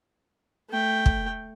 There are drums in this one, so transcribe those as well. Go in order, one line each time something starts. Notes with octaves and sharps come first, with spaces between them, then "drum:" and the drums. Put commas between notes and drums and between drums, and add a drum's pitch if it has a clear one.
A3 G5
drum: kick